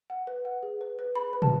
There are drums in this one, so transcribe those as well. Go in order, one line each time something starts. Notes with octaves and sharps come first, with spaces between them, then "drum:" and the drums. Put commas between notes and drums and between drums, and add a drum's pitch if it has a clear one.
F#5
B4
F#5
G#4
B4
B4
G#4 B5
B4
A5, drum: tom